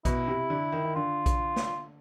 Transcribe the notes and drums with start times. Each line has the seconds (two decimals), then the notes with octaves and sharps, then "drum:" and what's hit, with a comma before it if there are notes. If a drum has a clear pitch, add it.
0.05 B2 E4, drum: kick A#1, hi-hat
0.28 C3
0.50 D3
0.72 D#3
0.84 D#3
0.95 D3 F4
1.26 drum: kick A#1, hi-hat
1.56 drum: snare